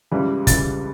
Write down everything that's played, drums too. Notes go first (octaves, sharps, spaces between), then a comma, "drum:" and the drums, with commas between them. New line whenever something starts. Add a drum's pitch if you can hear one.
C#2 C#3 E3 G3
C#2 C#3 E3 G3 A6, drum: kick, hi-hat